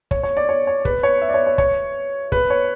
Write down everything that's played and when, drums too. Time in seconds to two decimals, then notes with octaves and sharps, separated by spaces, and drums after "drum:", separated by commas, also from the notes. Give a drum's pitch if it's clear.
0.11 C#5, drum: kick
0.23 C#5
0.37 D5
0.49 C#5
0.67 C#5
0.85 B4, drum: kick
1.03 C#5
1.22 E5
1.29 D5
1.34 C#5
1.47 C#5
1.58 C#5, drum: kick
2.32 B4, drum: kick
2.50 C#5